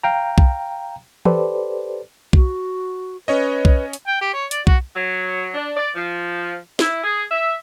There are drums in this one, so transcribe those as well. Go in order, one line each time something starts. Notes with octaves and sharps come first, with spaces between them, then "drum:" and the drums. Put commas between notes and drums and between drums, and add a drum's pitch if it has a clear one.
F5 G5 A#5
drum: kick B1
G4 A4 B4 C5 D5, drum: tom E3
F#4, drum: kick B1
C#4 B4 C#5 D#5
drum: kick B1
drum: hi-hat
G5
G4
C#5
D5, drum: hi-hat
F#4, drum: kick B1
F#3
D4
D5
F3
E4, drum: snare
G#4
E5